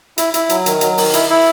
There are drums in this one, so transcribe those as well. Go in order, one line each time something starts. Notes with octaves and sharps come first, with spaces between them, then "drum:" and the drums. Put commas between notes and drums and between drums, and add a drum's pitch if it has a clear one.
E4, drum: hi-hat
E4, drum: hi-hat
F#3, drum: hi-hat
D#3, drum: hi-hat
F#3, drum: hi-hat
D#3, drum: open hi-hat
E4, drum: hi-hat
E4